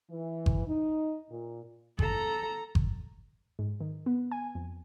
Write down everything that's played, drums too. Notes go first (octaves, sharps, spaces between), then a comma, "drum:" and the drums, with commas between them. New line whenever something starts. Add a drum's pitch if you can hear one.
E3
drum: kick G1
D#4
A#2
A4 A#5, drum: kick G1
drum: kick G1
G#2
D#3
B3
G#5
F2